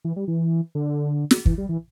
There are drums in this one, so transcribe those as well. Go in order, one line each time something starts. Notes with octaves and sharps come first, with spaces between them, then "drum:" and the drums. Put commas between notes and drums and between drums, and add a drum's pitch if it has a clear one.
E3
G3
E3
D3
drum: snare
E3, drum: kick
G3
E3